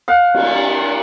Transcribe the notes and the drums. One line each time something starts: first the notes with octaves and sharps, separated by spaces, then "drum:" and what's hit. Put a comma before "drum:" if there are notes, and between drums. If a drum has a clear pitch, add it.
F5 F#5
drum: cymbal